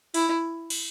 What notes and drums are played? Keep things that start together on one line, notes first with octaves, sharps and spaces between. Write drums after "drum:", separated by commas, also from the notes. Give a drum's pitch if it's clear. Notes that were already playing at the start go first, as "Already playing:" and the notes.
E4, drum: open hi-hat
drum: cymbal